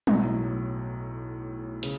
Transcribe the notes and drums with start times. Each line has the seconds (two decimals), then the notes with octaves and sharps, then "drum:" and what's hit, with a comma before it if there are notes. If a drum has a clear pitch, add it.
0.07 B1 A2 F#3, drum: tom F#3
1.83 C#3, drum: hi-hat